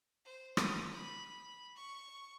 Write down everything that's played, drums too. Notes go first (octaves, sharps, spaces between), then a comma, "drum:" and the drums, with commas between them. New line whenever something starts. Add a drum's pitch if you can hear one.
C5
D#6, drum: rim click
B5
C#6